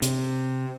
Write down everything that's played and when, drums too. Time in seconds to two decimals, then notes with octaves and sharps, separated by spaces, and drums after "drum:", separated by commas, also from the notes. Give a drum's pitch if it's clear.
0.02 C3, drum: hi-hat